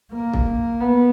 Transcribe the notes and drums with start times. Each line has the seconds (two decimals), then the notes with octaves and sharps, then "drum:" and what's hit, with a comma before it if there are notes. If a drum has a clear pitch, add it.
0.12 A#3
0.33 drum: kick
0.80 B3